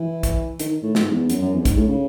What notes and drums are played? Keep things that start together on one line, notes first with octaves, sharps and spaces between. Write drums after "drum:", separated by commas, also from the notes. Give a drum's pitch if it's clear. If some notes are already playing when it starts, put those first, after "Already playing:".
Already playing: E3
drum: kick, hi-hat
D#3, drum: hi-hat
A2
G#2, drum: snare
E2
F#2, drum: hi-hat
F#2
E2
F#2
G#2, drum: kick, hi-hat
A2
C#3